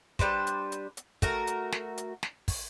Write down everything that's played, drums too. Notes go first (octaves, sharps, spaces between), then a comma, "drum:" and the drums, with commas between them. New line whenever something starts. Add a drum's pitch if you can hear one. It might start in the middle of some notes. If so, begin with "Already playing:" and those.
G3 D4 B4 C5, drum: kick
drum: hi-hat
drum: hi-hat
drum: hi-hat
A3 F#4 A#4, drum: kick, hi-hat
drum: hi-hat
drum: snare
drum: hi-hat
drum: snare
drum: kick, open hi-hat